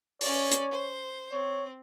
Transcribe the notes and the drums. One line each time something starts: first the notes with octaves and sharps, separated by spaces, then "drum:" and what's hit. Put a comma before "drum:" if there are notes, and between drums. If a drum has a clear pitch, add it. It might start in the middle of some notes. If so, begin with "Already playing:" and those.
C#4 C#5 D5, drum: open hi-hat
drum: hi-hat
C5
C4 C#5